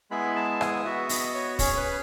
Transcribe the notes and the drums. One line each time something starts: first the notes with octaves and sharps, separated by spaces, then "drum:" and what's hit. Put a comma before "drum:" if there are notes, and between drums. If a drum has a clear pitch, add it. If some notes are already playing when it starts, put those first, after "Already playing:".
G#3 B3 E4 G#4 B5
A5
D#6, drum: rim click
B3 F#4 E5
D#5, drum: open hi-hat
C#5
C#4 G#4 C#5, drum: kick, open hi-hat
B4